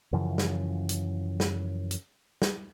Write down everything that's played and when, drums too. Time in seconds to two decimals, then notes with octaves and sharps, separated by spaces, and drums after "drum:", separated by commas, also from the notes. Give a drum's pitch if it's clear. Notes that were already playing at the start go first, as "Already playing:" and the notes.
0.13 F#2 C#3 E3 F3
0.38 drum: snare
0.89 drum: hi-hat
1.40 drum: snare
1.91 drum: hi-hat
2.42 drum: snare